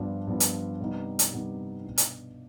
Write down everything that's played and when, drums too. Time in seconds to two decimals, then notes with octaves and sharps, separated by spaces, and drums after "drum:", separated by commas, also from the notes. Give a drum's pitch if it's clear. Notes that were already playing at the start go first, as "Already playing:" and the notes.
Already playing: G2 F3 B3 D4
0.27 G2 F3 B3 D4
0.40 drum: hi-hat
0.80 C3 G3 B3 D#4
1.19 drum: hi-hat
1.32 C3 G3 B3 D#4
1.84 B2 B3 D4
1.98 drum: hi-hat